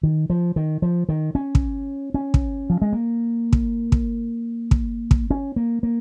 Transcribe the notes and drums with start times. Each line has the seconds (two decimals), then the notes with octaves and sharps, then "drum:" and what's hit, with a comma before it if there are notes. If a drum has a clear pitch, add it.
0.03 D#3
0.30 F3
0.56 D#3
0.82 F3
1.09 D#3
1.35 C#4
1.55 drum: kick
2.14 C#4
2.34 drum: kick
2.70 F3
2.82 G#3
2.93 A#3
3.53 drum: kick
3.92 drum: kick
4.71 drum: kick
5.11 drum: kick
5.30 C#4
5.56 A#3
5.83 A#3